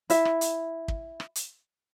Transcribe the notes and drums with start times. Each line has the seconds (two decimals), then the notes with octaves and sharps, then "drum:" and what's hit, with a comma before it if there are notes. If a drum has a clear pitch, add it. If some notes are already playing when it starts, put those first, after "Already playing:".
0.10 E4 E5, drum: hi-hat
0.25 drum: rim click
0.41 drum: hi-hat
0.88 drum: kick
1.20 drum: rim click
1.35 drum: hi-hat